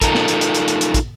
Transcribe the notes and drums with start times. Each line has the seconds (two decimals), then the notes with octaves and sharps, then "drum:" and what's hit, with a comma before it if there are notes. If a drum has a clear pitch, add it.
0.01 D#4 F4 A4 A#4, drum: kick, hi-hat
0.15 drum: snare
0.28 drum: hi-hat
0.41 drum: hi-hat
0.55 drum: hi-hat
0.68 drum: hi-hat
0.81 drum: hi-hat
0.94 drum: kick, hi-hat